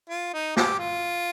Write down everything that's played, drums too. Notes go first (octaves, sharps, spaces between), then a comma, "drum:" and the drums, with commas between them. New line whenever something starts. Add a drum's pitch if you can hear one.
F4
D#4
G4, drum: snare
F4